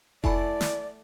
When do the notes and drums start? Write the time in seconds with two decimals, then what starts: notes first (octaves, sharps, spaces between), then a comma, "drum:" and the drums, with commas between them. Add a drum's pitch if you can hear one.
0.24 A3 E4 D5 F#5 G#5 B5, drum: kick F1
0.61 drum: snare